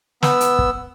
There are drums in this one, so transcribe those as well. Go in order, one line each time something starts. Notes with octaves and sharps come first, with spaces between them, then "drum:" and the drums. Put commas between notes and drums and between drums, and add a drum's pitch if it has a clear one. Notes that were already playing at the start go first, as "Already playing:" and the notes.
B3 E6, drum: snare
drum: hi-hat
drum: kick